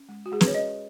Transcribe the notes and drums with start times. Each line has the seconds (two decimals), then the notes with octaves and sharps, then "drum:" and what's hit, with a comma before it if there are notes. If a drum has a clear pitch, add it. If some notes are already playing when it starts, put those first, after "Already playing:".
Already playing: C#4
0.09 G#3
0.26 F#4
0.32 G#3 G#4
0.41 B4, drum: snare
0.47 C#5
0.55 C#4 D#5